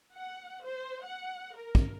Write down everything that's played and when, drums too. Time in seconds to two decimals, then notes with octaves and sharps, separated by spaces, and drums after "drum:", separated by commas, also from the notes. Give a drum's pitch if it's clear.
0.14 F#5
0.64 C5
1.02 F#5
1.55 A#4
1.75 drum: kick